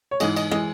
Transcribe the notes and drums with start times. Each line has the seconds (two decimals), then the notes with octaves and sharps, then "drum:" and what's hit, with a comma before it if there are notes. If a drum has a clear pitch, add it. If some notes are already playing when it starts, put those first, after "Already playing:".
0.11 C#5
0.20 G#2 E3 G#3 D#5, drum: cymbal
0.36 D#5, drum: cymbal
0.51 E3 G#3 D#5, drum: rim click